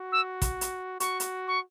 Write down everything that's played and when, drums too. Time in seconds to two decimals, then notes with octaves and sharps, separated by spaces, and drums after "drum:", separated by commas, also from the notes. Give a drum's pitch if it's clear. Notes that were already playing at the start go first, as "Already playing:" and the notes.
Already playing: F#4
0.12 E6
0.42 drum: kick, hi-hat
0.61 drum: hi-hat
1.00 F#4 C#6, drum: hi-hat
1.20 drum: hi-hat
1.48 C#6